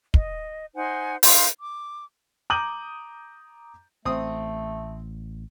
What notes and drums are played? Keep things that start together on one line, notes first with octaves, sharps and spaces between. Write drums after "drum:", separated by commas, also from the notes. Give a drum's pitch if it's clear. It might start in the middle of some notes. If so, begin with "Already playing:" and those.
D#5, drum: kick
D#4 C5 F#5 G#5
D#4 F5 C6, drum: open hi-hat
D6
A#5 D6 D#6 G6 D#7 F#7
A1 A3 C4 D#6